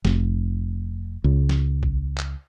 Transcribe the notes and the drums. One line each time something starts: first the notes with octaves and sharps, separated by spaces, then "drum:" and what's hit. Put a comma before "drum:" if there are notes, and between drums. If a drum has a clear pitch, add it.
F1, drum: snare
C#2
drum: snare
drum: kick A#1
drum: clap